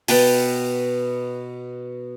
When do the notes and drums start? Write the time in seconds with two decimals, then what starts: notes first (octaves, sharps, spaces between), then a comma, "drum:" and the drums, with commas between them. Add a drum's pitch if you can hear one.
0.08 B2 B4 G5 A5, drum: open hi-hat